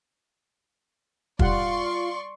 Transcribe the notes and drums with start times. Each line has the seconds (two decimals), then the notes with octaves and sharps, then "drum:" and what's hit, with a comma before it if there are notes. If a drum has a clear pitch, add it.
1.39 G3 F4 D5 F#5 C6 C#6, drum: kick